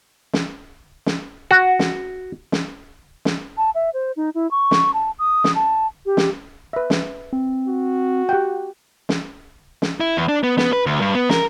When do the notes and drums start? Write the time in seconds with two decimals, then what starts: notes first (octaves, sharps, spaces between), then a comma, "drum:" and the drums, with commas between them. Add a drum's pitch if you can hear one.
0.33 drum: snare
1.06 drum: snare
1.51 F#4
1.79 drum: snare
2.52 drum: snare
3.25 drum: snare
3.57 A5
3.75 E5
3.94 C5
4.16 D#4
4.35 E4
4.51 C#6
4.71 drum: snare
4.94 A5
5.19 D#6
5.44 drum: snare
5.55 A5
6.06 G4
6.17 drum: snare
6.73 B4 E5
6.90 drum: snare
7.33 C4
7.68 F#4
8.29 G4 F#5 G5
9.09 drum: snare
9.82 drum: snare
10.00 E4
10.17 E2
10.29 D4
10.43 B3
10.58 B3, drum: snare
10.73 B4
10.86 D2
11.01 G2
11.15 B3
11.30 A#4, drum: snare